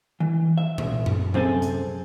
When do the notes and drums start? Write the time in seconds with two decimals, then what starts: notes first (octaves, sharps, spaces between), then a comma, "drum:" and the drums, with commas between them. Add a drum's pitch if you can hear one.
0.20 E3
0.58 E5
0.78 drum: tom A#2
1.06 drum: tom F#2
1.34 F#2 C4 G#4 A4 G#5, drum: tom C3
1.62 drum: hi-hat